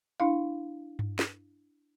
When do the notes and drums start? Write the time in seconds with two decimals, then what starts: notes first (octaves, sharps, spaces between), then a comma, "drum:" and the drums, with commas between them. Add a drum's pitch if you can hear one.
0.20 D4 E4 F5
0.99 drum: tom G2
1.19 drum: snare